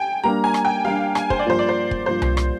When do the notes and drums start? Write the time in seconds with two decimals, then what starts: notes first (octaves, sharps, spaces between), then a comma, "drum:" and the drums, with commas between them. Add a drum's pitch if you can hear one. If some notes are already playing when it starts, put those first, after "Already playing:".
Already playing: G5 G#5
0.24 G3 A#3 D4 A#5
0.44 G#5
0.54 drum: rim click
0.65 G5
0.85 G3 A#3 D4 F5
1.15 G#5, drum: rim click
1.30 C5, drum: kick
1.39 D5
1.45 G2 F3 A#3 F4 C5
1.59 D5
1.69 C5
1.91 drum: kick
2.06 G2 F3 A#3 F4 C5
2.22 drum: tom C2
2.37 drum: rim click